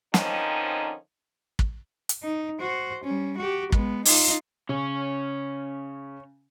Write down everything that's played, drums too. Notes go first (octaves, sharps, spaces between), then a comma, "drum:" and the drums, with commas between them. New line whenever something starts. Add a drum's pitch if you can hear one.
D3 D#3 F3 C4 C#4 D#4, drum: snare
drum: kick
drum: hi-hat
D#4
F#4 C5
G3 C#4
F#4 G4
G#3 B3, drum: kick
D#4 F4, drum: open hi-hat
C#3 C#4 C#5